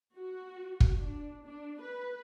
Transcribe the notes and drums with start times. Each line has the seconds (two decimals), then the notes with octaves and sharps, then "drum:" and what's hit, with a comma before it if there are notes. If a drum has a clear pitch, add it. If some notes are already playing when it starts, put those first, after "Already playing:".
0.16 F#4
0.80 drum: kick
0.99 D4
1.45 D4
1.80 B4